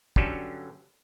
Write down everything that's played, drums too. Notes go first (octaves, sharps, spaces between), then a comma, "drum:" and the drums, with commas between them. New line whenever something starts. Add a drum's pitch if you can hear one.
G2 D3 F#3 G3 C#4 A4, drum: kick